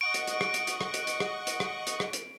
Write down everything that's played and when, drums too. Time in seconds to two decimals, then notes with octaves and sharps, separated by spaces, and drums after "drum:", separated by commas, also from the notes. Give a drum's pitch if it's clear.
0.01 D#5 F#5 C#6 D7
0.14 drum: hi-hat
0.27 drum: hi-hat
0.41 drum: rim click
0.54 drum: hi-hat
0.67 drum: hi-hat
0.81 drum: rim click
0.94 drum: hi-hat
1.07 drum: hi-hat
1.20 drum: rim click
1.47 drum: hi-hat
1.60 drum: rim click
1.87 drum: hi-hat
2.00 drum: rim click
2.13 drum: hi-hat